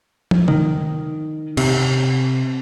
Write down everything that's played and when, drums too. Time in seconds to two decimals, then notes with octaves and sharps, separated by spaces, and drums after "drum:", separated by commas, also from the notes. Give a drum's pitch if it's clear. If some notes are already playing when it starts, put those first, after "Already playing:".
0.31 drum: tom
0.48 D#3, drum: tom C3
1.57 C3, drum: cymbal